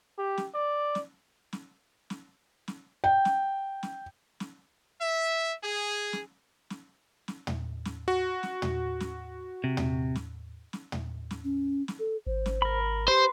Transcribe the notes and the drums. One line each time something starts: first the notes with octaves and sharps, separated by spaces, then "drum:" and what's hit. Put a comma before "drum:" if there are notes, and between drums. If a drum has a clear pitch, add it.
G4
drum: snare
D5
drum: snare
drum: snare
drum: snare
drum: snare
G5
drum: snare
drum: snare
drum: snare
E5
G#4
drum: snare
drum: snare
drum: snare
drum: tom
drum: snare
F#4
drum: snare
drum: tom
drum: snare
C3
drum: tom
drum: snare
drum: snare
drum: tom
drum: snare
C#4
drum: snare
A4
G#1 C5
drum: snare
A#4 B5
G4 B4 C5 C6